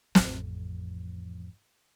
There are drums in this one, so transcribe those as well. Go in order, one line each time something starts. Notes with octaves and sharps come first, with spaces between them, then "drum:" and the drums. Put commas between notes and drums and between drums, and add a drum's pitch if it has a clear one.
A1 F2, drum: snare